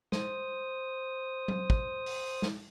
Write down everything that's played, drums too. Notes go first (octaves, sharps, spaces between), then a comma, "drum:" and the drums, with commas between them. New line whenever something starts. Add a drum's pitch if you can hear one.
C5 D#6, drum: snare
drum: tom F#3
drum: kick
drum: open hi-hat
drum: snare